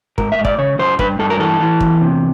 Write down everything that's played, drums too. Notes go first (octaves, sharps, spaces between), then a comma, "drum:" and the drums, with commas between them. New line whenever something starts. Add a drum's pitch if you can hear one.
G#2 A#4, drum: kick
E5
G#2
D5, drum: kick
C#3 C#5
F#2 C5
G2 B4, drum: kick
G2 A4
A#4
E3 A4
E3
E2, drum: kick
C3